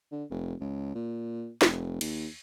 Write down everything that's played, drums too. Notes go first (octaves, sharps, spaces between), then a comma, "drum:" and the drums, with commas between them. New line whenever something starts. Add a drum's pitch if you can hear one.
D3
F1
C#2
A#2
F1, drum: snare
D#2, drum: cymbal